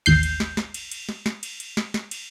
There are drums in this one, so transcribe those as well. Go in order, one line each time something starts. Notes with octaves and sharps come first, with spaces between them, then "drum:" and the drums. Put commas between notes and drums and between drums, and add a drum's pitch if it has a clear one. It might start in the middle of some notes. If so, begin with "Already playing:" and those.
A1 D#2 G6 C7, drum: cymbal
drum: cymbal
drum: snare
drum: snare
drum: cymbal
drum: cymbal
drum: snare
drum: snare
drum: cymbal
drum: cymbal
drum: snare
drum: snare
drum: cymbal